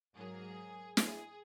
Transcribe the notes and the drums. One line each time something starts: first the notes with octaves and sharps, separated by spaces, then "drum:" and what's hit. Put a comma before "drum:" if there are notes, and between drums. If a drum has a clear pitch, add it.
G#2 F#3 A#3 G#4
G#4, drum: snare